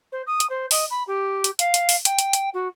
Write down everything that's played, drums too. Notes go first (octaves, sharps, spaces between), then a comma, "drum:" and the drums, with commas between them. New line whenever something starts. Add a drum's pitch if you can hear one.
C5
D#6
drum: hi-hat
C5
D#5, drum: open hi-hat
B5
G4
drum: hi-hat
F5, drum: hi-hat
drum: hi-hat
drum: open hi-hat
G5, drum: hi-hat
drum: hi-hat
drum: hi-hat
F#4